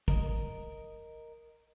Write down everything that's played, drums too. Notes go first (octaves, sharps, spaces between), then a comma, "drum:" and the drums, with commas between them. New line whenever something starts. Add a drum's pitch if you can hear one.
A#4 D#5, drum: kick